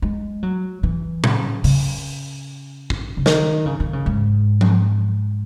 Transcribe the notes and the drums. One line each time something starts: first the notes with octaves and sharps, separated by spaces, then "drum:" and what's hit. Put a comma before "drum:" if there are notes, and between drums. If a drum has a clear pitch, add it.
G#3
F#3
E3
C#3, drum: tom A2
C#3, drum: open hi-hat
drum: kick
C#3
D#3, drum: snare
C#3
D#3
C#3
G#2
drum: tom F3